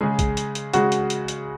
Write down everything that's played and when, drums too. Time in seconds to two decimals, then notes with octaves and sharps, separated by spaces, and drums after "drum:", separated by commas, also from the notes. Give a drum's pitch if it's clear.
0.01 C#3 G#3 G#4
0.19 drum: kick, hi-hat
0.37 drum: hi-hat
0.55 drum: hi-hat
0.73 C#3 G#3 F#4, drum: hi-hat
0.92 drum: hi-hat
1.10 drum: hi-hat
1.28 drum: hi-hat